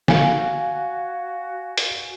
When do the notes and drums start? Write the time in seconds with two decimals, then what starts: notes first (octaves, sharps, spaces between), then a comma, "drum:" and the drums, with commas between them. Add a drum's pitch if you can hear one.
0.08 F#4 F5 G#5, drum: snare
1.78 drum: hi-hat